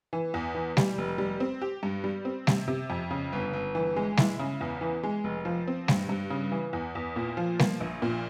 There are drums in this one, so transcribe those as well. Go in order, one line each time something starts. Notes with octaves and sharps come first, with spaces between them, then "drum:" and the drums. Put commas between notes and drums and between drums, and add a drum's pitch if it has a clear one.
E3
E2
E3
G3, drum: snare G3
F1
G3
C4
G4
G2
G3
C4
C3, drum: snare G3
C3
F2
C#3
G1
G1
E3
G#3
E4, drum: snare G3
C#3
E2
E3
G#3
F1
F3
C4
G2, drum: snare G3
G2
C#3
E3
E2
E2
A#2
F3
A#3, drum: snare G3
A#1
A#2